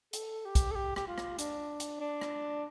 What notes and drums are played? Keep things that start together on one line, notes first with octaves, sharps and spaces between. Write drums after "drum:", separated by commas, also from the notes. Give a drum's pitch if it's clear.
A4, drum: hi-hat
G4
drum: kick, hi-hat
A4
G4
G4, drum: rim click
F4
drum: rim click
D4, drum: hi-hat
drum: hi-hat
D4
drum: rim click